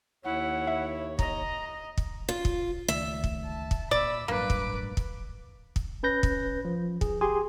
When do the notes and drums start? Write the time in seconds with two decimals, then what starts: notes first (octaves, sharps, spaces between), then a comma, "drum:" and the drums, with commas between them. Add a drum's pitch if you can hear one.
0.25 D#2 E4 C#5 F#5
0.67 E5
1.19 D#5 A#5, drum: kick
1.98 drum: kick
2.29 F4
2.45 drum: kick
2.88 C#2 D#3 A3 E5
3.24 drum: kick
3.45 A5
3.71 drum: kick
3.91 A#2 D5 B5 E6
4.28 A1 G2 F#3 A#3 B4 D6
4.50 drum: kick
4.97 drum: kick
5.76 drum: kick
6.03 C#4 B4 G6 A#6
6.23 drum: kick
6.65 F3
7.01 G#4, drum: kick
7.21 G4 G#4 G#5 C6